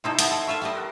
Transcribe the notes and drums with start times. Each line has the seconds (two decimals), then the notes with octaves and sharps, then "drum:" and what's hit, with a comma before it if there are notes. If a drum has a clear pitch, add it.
0.04 C3 D#4 E4 A4 C5 E5
0.19 B3 D#5 A5, drum: hi-hat
0.31 A4
0.47 A3 E4 F4 E5
0.62 G3 D5 D#5
0.75 A#4 F#5